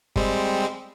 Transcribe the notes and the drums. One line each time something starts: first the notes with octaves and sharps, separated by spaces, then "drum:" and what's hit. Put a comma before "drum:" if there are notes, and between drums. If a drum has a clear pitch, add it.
G3 G#3 C4, drum: kick G1